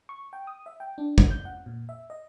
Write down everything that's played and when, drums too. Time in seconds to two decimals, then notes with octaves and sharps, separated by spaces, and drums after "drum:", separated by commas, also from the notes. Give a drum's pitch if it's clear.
0.09 C#6
0.33 G5
0.47 D#6
0.66 E5
0.80 G5
0.98 D4
1.18 F#3, drum: kick
1.31 G6
1.45 F#5
1.66 A#2
1.89 E5
2.10 D#5